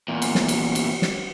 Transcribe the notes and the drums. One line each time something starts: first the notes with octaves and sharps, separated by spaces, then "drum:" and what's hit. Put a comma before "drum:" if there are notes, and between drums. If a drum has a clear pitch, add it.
E2 A#2
drum: cymbal
drum: snare
drum: cymbal
drum: cymbal
drum: snare